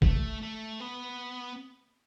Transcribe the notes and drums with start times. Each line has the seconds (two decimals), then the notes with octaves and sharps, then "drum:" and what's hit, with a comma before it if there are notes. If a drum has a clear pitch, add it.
0.02 A3, drum: kick
0.42 A3
0.80 B3